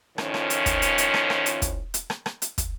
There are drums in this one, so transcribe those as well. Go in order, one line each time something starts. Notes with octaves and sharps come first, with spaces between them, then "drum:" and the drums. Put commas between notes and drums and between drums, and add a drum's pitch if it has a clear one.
F2 A2 D#3 F3 C#4, drum: rim click
drum: rim click
drum: hi-hat
drum: kick, hi-hat
drum: hi-hat
drum: hi-hat
drum: rim click
drum: rim click
drum: hi-hat
drum: kick, hi-hat
drum: hi-hat
drum: rim click
drum: rim click
drum: hi-hat
drum: kick, hi-hat